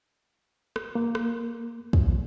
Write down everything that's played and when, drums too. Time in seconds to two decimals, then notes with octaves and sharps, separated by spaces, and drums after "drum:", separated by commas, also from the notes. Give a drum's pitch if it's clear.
0.76 drum: rim click
0.95 A#3
1.15 drum: rim click
1.93 drum: kick